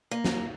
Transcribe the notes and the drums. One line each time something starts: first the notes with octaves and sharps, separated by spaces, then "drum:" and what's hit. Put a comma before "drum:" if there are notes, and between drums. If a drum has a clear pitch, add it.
A#3
drum: snare